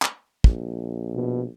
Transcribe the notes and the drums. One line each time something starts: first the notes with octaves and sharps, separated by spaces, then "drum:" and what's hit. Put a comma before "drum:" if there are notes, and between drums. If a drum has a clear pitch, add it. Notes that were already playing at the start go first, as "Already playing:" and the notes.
drum: clap
A#1, drum: kick
B2